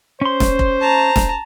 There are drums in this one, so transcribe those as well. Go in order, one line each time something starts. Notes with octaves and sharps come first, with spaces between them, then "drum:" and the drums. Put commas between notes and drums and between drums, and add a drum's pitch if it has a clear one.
C#4 C5 C6
drum: snare
drum: kick F1
A5 A#5
drum: snare